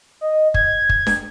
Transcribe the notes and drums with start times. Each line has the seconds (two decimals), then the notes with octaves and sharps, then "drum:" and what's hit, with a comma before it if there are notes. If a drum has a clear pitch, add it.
0.21 D#5
0.54 G#6, drum: kick
0.89 drum: kick
1.07 drum: snare D4